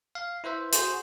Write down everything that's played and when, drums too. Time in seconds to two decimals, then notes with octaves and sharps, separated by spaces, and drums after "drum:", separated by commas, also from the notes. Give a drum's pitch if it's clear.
0.15 F5
0.44 E4 B4 C5 E5
0.73 F#4 G#4 C5, drum: hi-hat